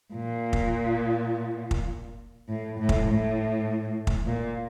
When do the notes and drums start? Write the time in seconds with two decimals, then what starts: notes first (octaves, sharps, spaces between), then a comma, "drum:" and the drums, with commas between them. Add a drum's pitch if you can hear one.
0.14 A#2
0.53 drum: kick
1.71 drum: kick
2.49 A2
2.79 A2
2.89 drum: kick
3.08 A2
4.07 drum: kick
4.26 A#2